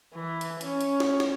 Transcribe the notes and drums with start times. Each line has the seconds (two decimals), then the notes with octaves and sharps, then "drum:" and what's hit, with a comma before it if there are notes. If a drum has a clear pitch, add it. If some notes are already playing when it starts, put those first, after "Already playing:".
0.14 E3
0.41 drum: hi-hat
0.61 C#4, drum: hi-hat
0.81 drum: hi-hat
1.00 drum: snare
1.20 drum: snare